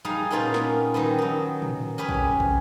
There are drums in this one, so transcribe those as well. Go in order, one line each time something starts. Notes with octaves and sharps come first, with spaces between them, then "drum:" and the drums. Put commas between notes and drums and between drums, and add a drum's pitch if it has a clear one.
G3 D#4 G#4 F5
A#2 B3 C#4 D#4 F4 G4
drum: snare
D#3 F#3 G3 B3
F#3 D#4
drum: tom
C#4 G4 G#4 B4
drum: kick
drum: kick